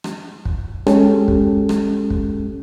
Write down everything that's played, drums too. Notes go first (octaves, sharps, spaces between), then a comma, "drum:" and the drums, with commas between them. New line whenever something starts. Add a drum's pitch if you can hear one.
drum: rim click
drum: kick
G#3 C#4 G4 A4, drum: rim click
drum: kick
drum: rim click
drum: kick